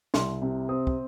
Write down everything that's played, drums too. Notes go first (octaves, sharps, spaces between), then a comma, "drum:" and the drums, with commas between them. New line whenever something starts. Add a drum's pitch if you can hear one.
C2 C6, drum: snare
C3
C4 D#6
drum: kick